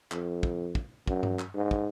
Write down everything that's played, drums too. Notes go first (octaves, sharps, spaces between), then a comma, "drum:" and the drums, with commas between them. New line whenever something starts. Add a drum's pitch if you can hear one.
F2, drum: clap
drum: kick
drum: kick
F#2, drum: kick
drum: tom G2
drum: clap
G#2
drum: kick